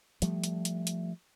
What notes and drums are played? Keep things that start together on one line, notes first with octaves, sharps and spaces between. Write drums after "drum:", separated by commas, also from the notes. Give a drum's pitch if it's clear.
F3 G3 A3, drum: hi-hat
drum: hi-hat
drum: hi-hat
drum: hi-hat